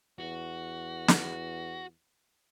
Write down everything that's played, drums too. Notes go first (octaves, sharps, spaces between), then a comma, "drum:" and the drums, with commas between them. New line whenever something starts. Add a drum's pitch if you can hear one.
E2 F#4
drum: snare